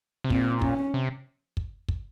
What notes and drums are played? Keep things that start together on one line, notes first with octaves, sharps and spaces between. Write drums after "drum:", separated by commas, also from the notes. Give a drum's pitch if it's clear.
C3
A#2 C4, drum: kick
C#4, drum: kick
C3
drum: kick
drum: kick